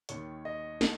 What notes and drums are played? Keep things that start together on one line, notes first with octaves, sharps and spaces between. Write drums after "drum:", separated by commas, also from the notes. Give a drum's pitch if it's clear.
D#2 D#3 C#5, drum: hi-hat
D#5
drum: snare